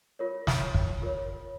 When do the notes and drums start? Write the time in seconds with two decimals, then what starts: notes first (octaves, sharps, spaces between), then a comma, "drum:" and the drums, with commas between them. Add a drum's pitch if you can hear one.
0.19 F4 A#4 C#5
0.47 drum: snare
0.74 drum: kick
1.02 F4 A#4 C#5